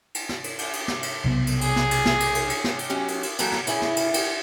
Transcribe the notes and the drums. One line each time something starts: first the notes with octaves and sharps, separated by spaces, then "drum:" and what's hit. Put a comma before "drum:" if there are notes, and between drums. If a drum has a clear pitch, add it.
drum: cymbal
drum: snare
drum: cymbal
drum: cymbal
drum: cymbal
drum: snare
drum: cymbal
B1 C3 B3
drum: cymbal
G#4, drum: cymbal
drum: snare
drum: cymbal
drum: snare
drum: cymbal
drum: cymbal
drum: cymbal
drum: snare
drum: cymbal
F#3 C#4 G4
drum: cymbal
drum: cymbal
E3 F#3 A#3 A4 F#5 G5, drum: cymbal
drum: snare
C#3 E4 G#4 E5 G#5, drum: cymbal
drum: snare
drum: cymbal
G4, drum: cymbal